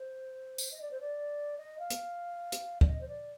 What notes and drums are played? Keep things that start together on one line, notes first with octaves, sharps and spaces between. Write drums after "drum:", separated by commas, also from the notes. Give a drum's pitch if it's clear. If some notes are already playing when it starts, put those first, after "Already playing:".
Already playing: C5
drum: tambourine
D#5
D5
C5
D5
D#5
F5
drum: hi-hat
drum: hi-hat
D5, drum: kick
D#5
C5
D5